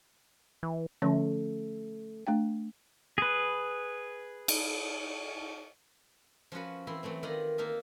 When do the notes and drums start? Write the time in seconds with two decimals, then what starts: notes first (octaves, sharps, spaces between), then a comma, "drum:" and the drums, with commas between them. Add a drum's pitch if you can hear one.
0.63 E3
1.02 D3 F3 A3 C#4
2.27 A3 D4 G5
3.18 G#4 B4
4.48 drum: cymbal
6.52 F3 C#4 F#4 B4
6.87 E3 C4 E4 C6
7.03 E3 F#3 A3 C4
7.23 D#3 F4 B4 D5 D#5 A#5
7.58 A#3 D#4 E5 F5 A5